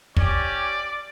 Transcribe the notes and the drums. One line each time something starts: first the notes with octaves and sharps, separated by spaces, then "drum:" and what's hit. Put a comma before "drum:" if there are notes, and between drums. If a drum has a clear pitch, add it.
C#4 G4 D5, drum: kick